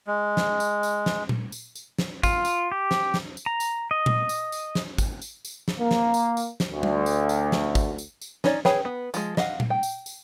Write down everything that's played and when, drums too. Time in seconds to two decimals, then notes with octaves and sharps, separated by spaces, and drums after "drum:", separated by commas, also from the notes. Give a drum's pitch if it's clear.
0.07 G#3
0.37 drum: snare
0.60 drum: tambourine
0.83 drum: tambourine
1.06 drum: snare
1.29 drum: tom A#2
1.52 drum: tambourine
1.75 drum: tambourine
1.99 drum: snare
2.23 F4, drum: kick, tambourine
2.45 drum: tambourine
2.72 G4
2.91 drum: snare
3.14 drum: snare
3.37 drum: tambourine
3.46 A#5
3.60 drum: tambourine
3.91 D#5
4.06 drum: tom A#2
4.29 drum: tambourine
4.52 drum: tambourine
4.75 drum: snare
4.98 drum: kick, tambourine
5.22 drum: tambourine
5.45 drum: tambourine
5.68 drum: snare
5.79 A#3
5.91 drum: snare
6.14 drum: tambourine
6.37 drum: tambourine
6.60 drum: snare
6.71 D2
6.83 drum: tom G3
7.06 drum: tambourine
7.29 drum: tambourine
7.52 drum: snare
7.75 drum: kick, tambourine
7.98 drum: tambourine
8.21 drum: tambourine
8.44 C#4 D#4 C#5 D5, drum: snare
8.65 G#4 B4 C#5 G5, drum: snare
8.85 B3
9.14 F3 G#3, drum: tambourine
9.37 D#5 F5 F#5, drum: snare
9.60 drum: tom A#2
9.70 G5
9.83 drum: tambourine
10.06 drum: tambourine